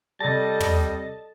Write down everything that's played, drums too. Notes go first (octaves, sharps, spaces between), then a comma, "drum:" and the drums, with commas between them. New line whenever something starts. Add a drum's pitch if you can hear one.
C3 G3 A4 D#5 A5 A#6
drum: tom